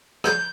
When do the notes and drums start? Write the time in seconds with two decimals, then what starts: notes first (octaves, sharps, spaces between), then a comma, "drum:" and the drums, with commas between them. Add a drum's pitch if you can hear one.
0.24 G6, drum: rim click